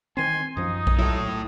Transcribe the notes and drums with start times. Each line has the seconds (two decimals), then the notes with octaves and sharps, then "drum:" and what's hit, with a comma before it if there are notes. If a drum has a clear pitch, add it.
0.17 D#3 C4 G#5 C6
0.57 F#2 F3 D#4 D#6
0.87 drum: kick B1
0.99 A#2 F#3 E4 A4